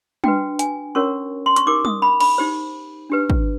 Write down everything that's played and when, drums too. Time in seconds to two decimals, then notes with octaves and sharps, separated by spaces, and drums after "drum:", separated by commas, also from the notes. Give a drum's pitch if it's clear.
0.24 D4 F#4 B4 G5, drum: tom G3
0.59 G#5, drum: hi-hat
0.95 C#4 F#4 A#4 C#5 C#6
1.46 C6
1.56 C#6, drum: hi-hat
1.66 D#4 G4 A#4 D6
1.85 D#6, drum: tom G3
2.02 B5
2.20 B5, drum: cymbal
2.38 D#4 G4 C5
3.10 D4 G4 B4
3.30 drum: kick